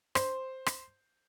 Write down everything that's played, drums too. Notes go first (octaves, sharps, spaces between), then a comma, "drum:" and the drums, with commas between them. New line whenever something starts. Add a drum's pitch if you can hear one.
C5, drum: rim click
drum: rim click